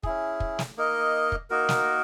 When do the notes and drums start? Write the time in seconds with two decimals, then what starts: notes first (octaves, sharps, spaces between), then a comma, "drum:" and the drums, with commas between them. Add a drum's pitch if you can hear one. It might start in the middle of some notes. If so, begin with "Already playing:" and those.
0.03 C#4 E4 G#4, drum: kick
0.40 drum: kick
0.59 drum: snare
0.77 A#3 D#4 A#4 D#5
1.32 drum: kick
1.50 A#3 D#4 F#4 A#4
1.69 drum: snare